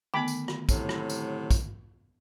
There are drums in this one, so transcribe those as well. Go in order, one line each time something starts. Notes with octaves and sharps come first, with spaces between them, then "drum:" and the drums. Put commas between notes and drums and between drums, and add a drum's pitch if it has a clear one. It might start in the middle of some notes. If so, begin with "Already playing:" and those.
D3 D#3 A3 B3 G5 B5 D6
drum: tambourine
drum: rim click
A2 C3 F#3, drum: kick, tambourine
drum: rim click
drum: tambourine
drum: kick, tambourine